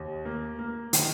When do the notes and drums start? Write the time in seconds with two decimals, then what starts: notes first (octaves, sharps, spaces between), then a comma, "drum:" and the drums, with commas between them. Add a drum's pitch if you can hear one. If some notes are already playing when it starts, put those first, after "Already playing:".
Already playing: D#2
0.25 A#3
0.59 A#3
0.93 D#3, drum: hi-hat